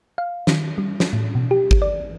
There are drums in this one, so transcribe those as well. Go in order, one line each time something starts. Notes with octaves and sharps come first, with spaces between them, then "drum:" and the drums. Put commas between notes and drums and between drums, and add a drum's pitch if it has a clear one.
F5
D#3, drum: snare
G3
drum: snare
A2
B2
G4
drum: kick G#1
D5